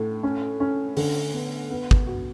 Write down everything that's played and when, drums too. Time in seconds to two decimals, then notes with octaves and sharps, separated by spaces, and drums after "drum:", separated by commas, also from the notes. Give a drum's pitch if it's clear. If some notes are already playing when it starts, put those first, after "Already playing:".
Already playing: A2
0.23 C#4
0.60 C#4
0.97 D3, drum: open hi-hat
1.33 B3
1.70 B3
1.91 drum: kick
2.07 F#4